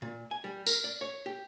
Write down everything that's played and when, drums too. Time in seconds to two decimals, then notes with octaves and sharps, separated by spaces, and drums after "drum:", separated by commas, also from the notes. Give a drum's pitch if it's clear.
0.02 A#2
0.31 G#5
0.44 G3
0.67 A#4, drum: tambourine
0.84 D5
1.01 C#5
1.26 G4